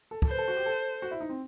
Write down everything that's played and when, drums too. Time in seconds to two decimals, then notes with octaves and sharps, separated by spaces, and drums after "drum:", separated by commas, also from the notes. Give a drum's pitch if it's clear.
0.11 A4
0.22 A4, drum: kick
0.29 B4 C5
0.38 A4
0.48 F#4
0.57 G4
0.66 A4
1.02 F#4
1.11 E4
1.20 D#4
1.29 C4